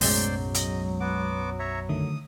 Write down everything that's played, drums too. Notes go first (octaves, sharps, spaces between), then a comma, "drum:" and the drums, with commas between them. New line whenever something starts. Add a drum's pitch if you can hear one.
B1 F#2 A2 F#3 G#3 C5 D5 C6, drum: open hi-hat
D#5, drum: hi-hat
B3 F#4 D6
C#5 E5 A#5
D3 D#3 A3 D#6